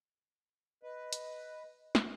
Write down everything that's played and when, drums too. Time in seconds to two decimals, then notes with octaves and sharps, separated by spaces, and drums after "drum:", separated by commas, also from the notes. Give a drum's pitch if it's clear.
0.83 B4 D#5
1.13 drum: hi-hat
1.95 drum: snare